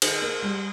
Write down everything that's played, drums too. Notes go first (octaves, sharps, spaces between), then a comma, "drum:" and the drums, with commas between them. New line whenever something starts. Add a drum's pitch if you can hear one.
D#3 G#4, drum: cymbal
A#3
G3